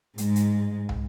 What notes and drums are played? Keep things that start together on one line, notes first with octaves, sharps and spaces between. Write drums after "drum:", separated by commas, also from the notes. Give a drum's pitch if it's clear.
G#2 G#3, drum: hi-hat
drum: hi-hat
drum: tom